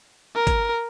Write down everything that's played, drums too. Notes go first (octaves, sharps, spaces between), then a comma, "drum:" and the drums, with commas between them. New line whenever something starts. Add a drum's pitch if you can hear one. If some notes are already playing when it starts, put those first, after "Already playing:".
A#4
drum: kick, hi-hat